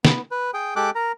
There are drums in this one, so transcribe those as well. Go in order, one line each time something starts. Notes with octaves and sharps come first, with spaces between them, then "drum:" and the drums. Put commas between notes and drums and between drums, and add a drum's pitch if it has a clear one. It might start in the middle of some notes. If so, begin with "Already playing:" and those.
B3, drum: snare
B4
G#4 G5
G#3 G4 A4 G5 D6 F#6
A#4 A#5